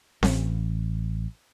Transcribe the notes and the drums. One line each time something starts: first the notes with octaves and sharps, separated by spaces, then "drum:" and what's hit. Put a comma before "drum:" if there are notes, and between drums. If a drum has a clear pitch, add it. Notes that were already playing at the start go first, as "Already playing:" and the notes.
A1, drum: snare C4